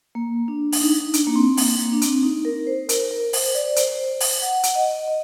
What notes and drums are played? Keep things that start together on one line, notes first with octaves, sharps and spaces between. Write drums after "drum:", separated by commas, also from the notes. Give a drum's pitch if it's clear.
A#3
D4
D4, drum: open hi-hat
D#4
D4, drum: hi-hat
A#3
C4
A#3, drum: open hi-hat
A#3
D4
C4, drum: hi-hat
D#4
A#4
C5
A#4, drum: hi-hat
A#4
C5, drum: open hi-hat
C5
D5
C5, drum: hi-hat
drum: open hi-hat
F#5
F#5, drum: hi-hat
D#5
D#5